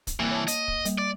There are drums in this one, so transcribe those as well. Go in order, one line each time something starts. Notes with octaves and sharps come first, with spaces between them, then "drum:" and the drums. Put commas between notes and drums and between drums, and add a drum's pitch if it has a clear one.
drum: kick, hi-hat
C2 E3 A#3
C#5 A5
D#5, drum: hi-hat
drum: kick
G3 A#3, drum: hi-hat
D5